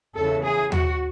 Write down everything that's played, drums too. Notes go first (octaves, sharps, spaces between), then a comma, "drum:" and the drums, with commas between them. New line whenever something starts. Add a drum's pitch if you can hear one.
E2 C#3 E3 A4
G#4
F#4, drum: tom